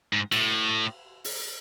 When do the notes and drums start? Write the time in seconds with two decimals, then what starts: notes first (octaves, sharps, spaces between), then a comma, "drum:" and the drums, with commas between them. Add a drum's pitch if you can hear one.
0.13 G#2
0.32 A2, drum: cymbal
1.24 drum: open hi-hat